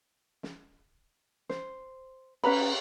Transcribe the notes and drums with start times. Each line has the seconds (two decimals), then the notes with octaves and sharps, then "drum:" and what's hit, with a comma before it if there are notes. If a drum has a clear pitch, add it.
0.43 drum: snare
1.49 C5, drum: snare
2.44 C#4 B4 A#5 B5, drum: cymbal